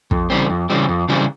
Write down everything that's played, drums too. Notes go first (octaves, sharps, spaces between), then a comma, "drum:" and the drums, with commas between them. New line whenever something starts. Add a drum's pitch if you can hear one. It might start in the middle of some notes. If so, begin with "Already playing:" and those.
F2, drum: kick
C#3 E3 G3 C4
F2
C#3 E3 G3 C4
F2
C#3 E3 G3 C4